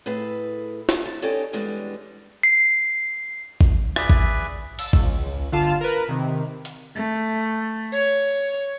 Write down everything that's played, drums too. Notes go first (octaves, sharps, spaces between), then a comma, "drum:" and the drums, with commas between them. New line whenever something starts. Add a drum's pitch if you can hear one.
A2 G#4 A4 B4
drum: snare
A5
C#4 D#4 G4 A4 D5
E2 G3 G#3 B3 D4
C7
drum: kick
G#4 B4 D5 E5, drum: rim click
drum: kick
E6 A6, drum: cymbal
C#2, drum: kick
G1 D3 F4 F5 A5 E7
A#4 B4
C3 D#3
drum: hi-hat
A3, drum: tambourine
C#5